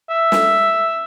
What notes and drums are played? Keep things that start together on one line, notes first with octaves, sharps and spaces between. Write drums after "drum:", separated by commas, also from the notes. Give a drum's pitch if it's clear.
E5
drum: snare